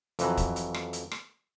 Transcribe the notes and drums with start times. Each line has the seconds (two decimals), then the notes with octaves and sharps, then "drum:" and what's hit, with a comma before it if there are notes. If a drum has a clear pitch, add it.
0.19 F2 E3 F#3, drum: hi-hat
0.37 drum: kick, hi-hat
0.56 drum: hi-hat
0.74 drum: rim click
0.93 drum: hi-hat
1.11 drum: rim click